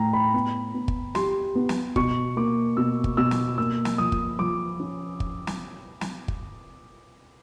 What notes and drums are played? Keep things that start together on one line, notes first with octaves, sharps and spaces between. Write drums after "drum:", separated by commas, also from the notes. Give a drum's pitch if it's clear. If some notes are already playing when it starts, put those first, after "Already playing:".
Already playing: A2 G5 A#5
B5
B3
B3
drum: kick
G4 C6, drum: snare
B3
drum: snare
B2 C#6, drum: kick
A#3 D6
B2 E6
drum: kick
B2 E6
drum: snare
A#3 E6
drum: snare
F3 D#6
drum: kick
F3 D6
C#4
drum: kick
drum: snare
drum: snare
drum: kick